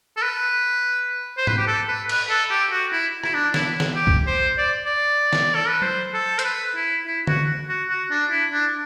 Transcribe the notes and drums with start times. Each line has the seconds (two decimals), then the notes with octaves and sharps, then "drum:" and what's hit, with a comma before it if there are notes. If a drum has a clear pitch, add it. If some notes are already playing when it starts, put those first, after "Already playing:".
0.17 A4
0.23 B4
1.38 C5
1.47 B4, drum: tom G#2
1.58 G4
1.67 A4
1.88 B4
2.09 B4, drum: cymbal
2.30 A4
2.50 G4
2.71 F#4
2.92 E4
3.24 E4, drum: rim click
3.34 D4
3.54 E4, drum: snare
3.80 drum: snare
3.95 G4
4.07 drum: kick
4.27 C5
4.58 D5
4.86 D5
5.33 drum: snare
5.55 A4
5.68 B4
5.82 C5, drum: tom F#3
6.14 A4
6.39 C5, drum: hi-hat
6.44 B4
6.76 E4
7.07 E4
7.27 F#4, drum: tom D3
7.69 F#4
7.89 F#4
8.11 D4
8.31 E4
8.52 D4